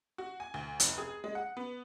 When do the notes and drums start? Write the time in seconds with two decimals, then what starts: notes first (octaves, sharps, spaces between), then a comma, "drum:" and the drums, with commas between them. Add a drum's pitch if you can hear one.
0.18 F#4
0.40 G#5
0.54 D2
0.80 F1, drum: hi-hat
0.98 G#4
1.24 G#3
1.35 F#5
1.57 B3